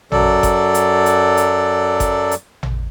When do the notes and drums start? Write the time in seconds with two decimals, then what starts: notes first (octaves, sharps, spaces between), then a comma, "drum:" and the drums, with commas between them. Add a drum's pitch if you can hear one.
0.12 F#2 F#3 A4 D5, drum: tom A1
0.43 drum: kick G1, hi-hat
0.74 drum: hi-hat
1.06 drum: hi-hat
1.37 drum: hi-hat
2.00 drum: kick G1, hi-hat
2.31 drum: hi-hat
2.63 drum: tom A1